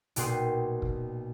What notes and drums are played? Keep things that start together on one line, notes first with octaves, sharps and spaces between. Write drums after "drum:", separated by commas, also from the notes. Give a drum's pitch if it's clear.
B1 A#2 F#4 G5 C6 D#6, drum: hi-hat
drum: kick